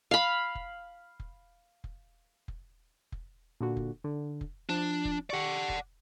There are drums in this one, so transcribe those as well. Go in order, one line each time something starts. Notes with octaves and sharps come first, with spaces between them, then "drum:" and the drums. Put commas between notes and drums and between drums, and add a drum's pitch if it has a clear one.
F5 B5
drum: kick F1
drum: kick F1
drum: kick F1
drum: kick F1
drum: kick F1
A#2 D3 F#4
drum: kick F1
D3
drum: kick F1
F3 D4
drum: kick F1
G4 D5 F#5 C#6 C#7
drum: kick F1